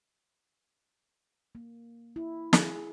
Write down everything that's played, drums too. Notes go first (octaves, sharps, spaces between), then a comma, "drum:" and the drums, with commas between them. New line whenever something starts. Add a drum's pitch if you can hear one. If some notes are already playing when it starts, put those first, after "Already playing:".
A#3
E4
G#4, drum: snare